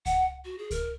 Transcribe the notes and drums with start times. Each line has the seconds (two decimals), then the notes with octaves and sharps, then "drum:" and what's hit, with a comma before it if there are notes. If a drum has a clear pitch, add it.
0.06 F#5, drum: kick C#2, hi-hat
0.45 F#4
0.58 G#4
0.71 A#4, drum: kick C#2, hi-hat